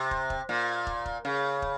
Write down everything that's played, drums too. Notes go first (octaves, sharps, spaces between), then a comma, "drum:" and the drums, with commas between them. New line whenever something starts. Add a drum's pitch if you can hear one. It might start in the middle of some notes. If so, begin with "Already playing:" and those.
Already playing: C3
drum: kick
drum: kick
A#2
drum: kick
drum: kick
C#3
drum: kick